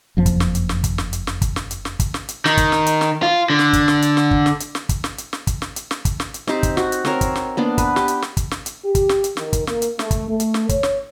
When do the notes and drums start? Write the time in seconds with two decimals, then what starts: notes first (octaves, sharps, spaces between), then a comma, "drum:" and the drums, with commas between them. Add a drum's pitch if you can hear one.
0.17 F#1 F2 F3
0.26 drum: kick, hi-hat
0.40 drum: snare
0.55 drum: hi-hat
0.69 drum: snare
0.84 drum: kick, hi-hat
0.98 drum: snare
1.13 drum: hi-hat
1.27 drum: snare
1.42 drum: kick, hi-hat
1.56 drum: snare
1.71 drum: hi-hat
1.85 drum: snare
2.00 drum: kick, hi-hat
2.14 drum: snare
2.29 drum: hi-hat
2.45 D#3, drum: snare
2.58 drum: kick, hi-hat
2.72 drum: snare
2.87 drum: hi-hat
3.01 drum: snare
3.23 F4
3.50 D3
3.59 drum: snare
3.73 drum: kick, hi-hat
3.88 drum: snare
4.02 drum: hi-hat
4.17 drum: snare
4.31 drum: kick
4.46 drum: snare
4.60 drum: hi-hat
4.75 drum: snare
4.89 drum: kick, hi-hat
5.04 drum: snare
5.18 drum: hi-hat
5.33 drum: snare
5.47 drum: kick, hi-hat
5.62 drum: snare
5.76 drum: hi-hat
5.91 drum: snare
6.05 drum: kick, hi-hat
6.20 drum: snare
6.34 drum: hi-hat
6.47 C4 D#4 G4 C5, drum: snare
6.63 drum: kick, hi-hat
6.77 F#4, drum: snare
6.92 drum: hi-hat
7.05 C4 A#4 C#5, drum: snare
7.21 drum: kick, hi-hat
7.36 drum: snare
7.57 A#3 B3 D4
7.78 B4, drum: kick, hi-hat
7.96 G4, drum: snare
8.08 drum: hi-hat
8.22 drum: snare
8.37 drum: kick, hi-hat
8.51 drum: snare
8.66 drum: hi-hat
8.85 G4
8.95 drum: kick, hi-hat
9.09 drum: snare
9.24 drum: hi-hat
9.37 D#3, drum: snare
9.53 drum: kick, hi-hat
9.67 A#3, drum: snare
9.82 drum: hi-hat
9.99 A3, drum: snare
10.11 drum: kick, hi-hat
10.29 A3
10.40 drum: hi-hat
10.54 drum: snare
10.69 C#5, drum: kick, hi-hat
10.83 drum: snare